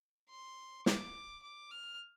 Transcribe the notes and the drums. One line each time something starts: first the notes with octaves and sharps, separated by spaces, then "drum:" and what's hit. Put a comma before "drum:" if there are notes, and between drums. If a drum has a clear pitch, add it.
C6
D6, drum: snare
D6
F6